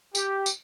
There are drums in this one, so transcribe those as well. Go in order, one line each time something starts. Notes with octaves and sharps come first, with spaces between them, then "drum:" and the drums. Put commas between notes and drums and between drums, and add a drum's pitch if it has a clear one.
G4, drum: tambourine
drum: tambourine